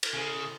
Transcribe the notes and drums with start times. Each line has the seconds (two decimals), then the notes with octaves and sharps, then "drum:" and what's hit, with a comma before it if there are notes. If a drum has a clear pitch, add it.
0.03 drum: cymbal
0.14 C#3